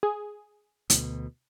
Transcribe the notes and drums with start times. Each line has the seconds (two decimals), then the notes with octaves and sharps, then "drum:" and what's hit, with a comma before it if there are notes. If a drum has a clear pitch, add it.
0.03 G#4
0.90 D2 B2, drum: hi-hat